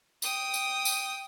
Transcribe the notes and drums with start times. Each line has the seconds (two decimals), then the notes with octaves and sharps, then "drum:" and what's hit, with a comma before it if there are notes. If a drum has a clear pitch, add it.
0.22 G5 D#6, drum: tambourine
0.54 drum: tambourine
0.85 drum: tambourine